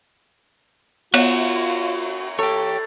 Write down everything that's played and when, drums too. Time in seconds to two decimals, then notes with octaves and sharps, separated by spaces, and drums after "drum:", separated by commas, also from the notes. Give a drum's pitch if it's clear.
1.14 B3 F4 F#4, drum: cymbal
2.39 G4 A4 C#5